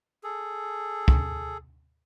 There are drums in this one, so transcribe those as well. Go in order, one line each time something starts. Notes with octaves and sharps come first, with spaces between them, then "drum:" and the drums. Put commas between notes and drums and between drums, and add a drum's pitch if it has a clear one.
G#4 A4
drum: kick